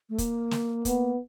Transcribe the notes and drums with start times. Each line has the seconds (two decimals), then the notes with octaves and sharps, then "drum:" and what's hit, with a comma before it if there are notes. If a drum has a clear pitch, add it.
0.09 A3
0.18 A#3, drum: kick, hi-hat
0.51 drum: snare
0.85 B3, drum: kick, hi-hat